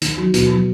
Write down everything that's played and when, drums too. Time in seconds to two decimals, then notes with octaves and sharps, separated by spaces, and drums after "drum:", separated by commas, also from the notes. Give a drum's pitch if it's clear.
0.02 D#3, drum: hi-hat
0.17 F#3
0.34 B2, drum: hi-hat
0.50 F#3